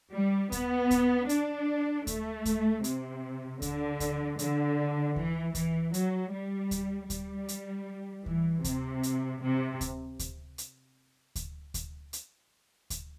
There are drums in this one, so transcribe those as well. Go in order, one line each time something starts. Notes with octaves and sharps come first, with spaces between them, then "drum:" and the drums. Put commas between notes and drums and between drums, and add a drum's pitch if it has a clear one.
G3
B3, drum: kick D2, hi-hat
drum: kick D2, hi-hat
D4, drum: hi-hat
A3, drum: kick D2, hi-hat
drum: kick D2, hi-hat
C3, drum: hi-hat
D3, drum: kick D2, hi-hat
drum: kick D2, hi-hat
D3, drum: hi-hat
E3, drum: kick D2
E3, drum: kick D2, hi-hat
F#3, drum: hi-hat
G3
drum: kick D2, hi-hat
G3, drum: kick D2, hi-hat
drum: hi-hat
E3, drum: kick D2
C3, drum: kick D2, hi-hat
drum: hi-hat
C3
drum: kick D2, hi-hat
drum: kick D2, hi-hat
drum: hi-hat
drum: kick D2, hi-hat
drum: kick D2, hi-hat
drum: hi-hat
drum: kick D2, hi-hat